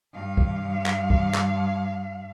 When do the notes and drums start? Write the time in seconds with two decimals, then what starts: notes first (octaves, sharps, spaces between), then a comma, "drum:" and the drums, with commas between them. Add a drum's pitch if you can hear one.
0.13 G2 F5
0.37 drum: kick
0.86 drum: clap
1.10 drum: kick
1.34 drum: clap